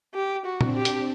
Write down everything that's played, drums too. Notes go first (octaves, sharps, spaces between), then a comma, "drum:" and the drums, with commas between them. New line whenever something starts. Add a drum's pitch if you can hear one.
G4
F#4
C4 D4, drum: tom A#2
G4
drum: hi-hat